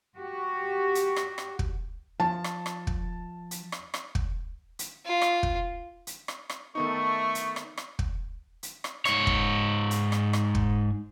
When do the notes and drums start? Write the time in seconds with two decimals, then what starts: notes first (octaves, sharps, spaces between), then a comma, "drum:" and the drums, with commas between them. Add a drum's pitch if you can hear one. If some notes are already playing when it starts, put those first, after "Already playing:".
0.17 F#4 G4
0.95 drum: hi-hat
1.16 drum: rim click
1.38 drum: rim click
1.59 drum: kick
2.20 F3 A5
2.44 drum: rim click
2.66 drum: rim click
2.87 drum: kick
3.51 drum: hi-hat
3.72 drum: rim click
3.94 drum: rim click
4.15 drum: kick
4.79 drum: hi-hat
5.06 F4
5.22 drum: rim click
5.43 drum: kick
6.07 drum: hi-hat
6.28 drum: rim click
6.50 drum: rim click
6.75 D#3 A3 B3 D#4 C#6
7.35 drum: hi-hat
7.56 drum: rim click
7.77 drum: rim click
7.99 drum: kick
8.63 drum: hi-hat
8.84 drum: rim click
9.05 G#2 C#5, drum: rim click
9.27 drum: kick
9.91 drum: hi-hat
10.12 drum: rim click
10.33 drum: rim click
10.55 drum: kick